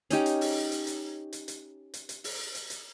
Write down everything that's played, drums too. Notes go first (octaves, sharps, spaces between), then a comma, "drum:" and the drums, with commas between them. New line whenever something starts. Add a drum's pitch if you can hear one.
C#4 D#4 G4, drum: hi-hat
drum: hi-hat
drum: open hi-hat
drum: hi-hat
drum: hi-hat
drum: hi-hat
drum: hi-hat
drum: hi-hat
drum: hi-hat
drum: open hi-hat
drum: hi-hat
drum: hi-hat